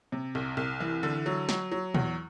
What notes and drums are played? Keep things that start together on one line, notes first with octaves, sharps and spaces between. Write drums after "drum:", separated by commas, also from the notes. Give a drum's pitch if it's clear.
C3
C2
C2
E3
D3
F#3
F#3, drum: snare
F#3
E2, drum: tom